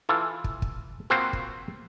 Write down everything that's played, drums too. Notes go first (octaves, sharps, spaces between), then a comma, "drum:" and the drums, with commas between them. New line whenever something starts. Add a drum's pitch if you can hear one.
E3 F4 A4
drum: kick
drum: kick
A#3 C4 F4 F#4 B4 C5
drum: kick